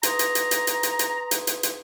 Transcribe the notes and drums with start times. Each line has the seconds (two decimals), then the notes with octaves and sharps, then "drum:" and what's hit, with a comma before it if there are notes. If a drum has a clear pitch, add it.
0.03 B4 A#5 C6 D#6, drum: hi-hat
0.19 drum: hi-hat
0.35 drum: hi-hat
0.51 drum: hi-hat
0.67 drum: hi-hat
0.83 drum: hi-hat
0.99 drum: hi-hat
1.31 drum: hi-hat
1.47 drum: hi-hat
1.63 drum: hi-hat